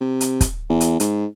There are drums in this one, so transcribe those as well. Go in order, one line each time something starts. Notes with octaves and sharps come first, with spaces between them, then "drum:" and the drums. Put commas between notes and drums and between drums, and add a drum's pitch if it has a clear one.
C3
drum: hi-hat
drum: kick, hi-hat
E2
drum: hi-hat
G#2, drum: hi-hat